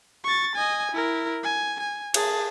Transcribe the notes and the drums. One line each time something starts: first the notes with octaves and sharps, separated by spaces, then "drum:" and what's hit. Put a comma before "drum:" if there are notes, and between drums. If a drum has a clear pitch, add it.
C#6 A6
D#5 G#5
E4 A#4
G#5
G#5
G#4 A5, drum: cymbal